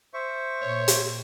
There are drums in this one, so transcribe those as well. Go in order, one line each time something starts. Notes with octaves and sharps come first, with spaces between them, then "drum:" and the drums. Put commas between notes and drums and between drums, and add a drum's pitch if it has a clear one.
C5 E5 C#6
A#2 C#5
drum: hi-hat